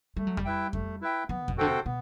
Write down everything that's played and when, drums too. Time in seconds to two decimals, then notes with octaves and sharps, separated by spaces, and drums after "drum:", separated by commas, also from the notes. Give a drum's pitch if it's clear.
0.17 G3 A3
0.27 F#3
0.37 G3, drum: kick F2
0.45 E4 B4 E5 G5
0.73 A3, drum: kick F2
1.01 E4 B4 E5 G5
1.29 F#3 B3
1.43 C3
1.48 B2, drum: kick F2
1.57 D3 F#4 A4 C5 G5
1.67 C3
1.85 B2 B3